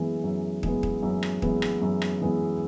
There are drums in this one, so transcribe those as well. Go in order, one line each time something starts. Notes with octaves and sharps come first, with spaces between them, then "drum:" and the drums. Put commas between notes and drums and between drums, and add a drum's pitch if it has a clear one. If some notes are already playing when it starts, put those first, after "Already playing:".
Already playing: F#2 E3 G#3 B3
F#2
E3 G#3 B3, drum: kick
drum: kick
F#2
drum: rim click
E3 G#3 B3, drum: kick
drum: rim click
F#2
drum: rim click
E3 G#3 B3